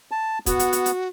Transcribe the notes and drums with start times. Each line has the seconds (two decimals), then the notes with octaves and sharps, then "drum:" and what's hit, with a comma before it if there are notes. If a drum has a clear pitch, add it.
0.11 A5
0.46 B3 F#4, drum: kick, hi-hat
0.59 drum: hi-hat
0.73 drum: hi-hat
0.86 drum: hi-hat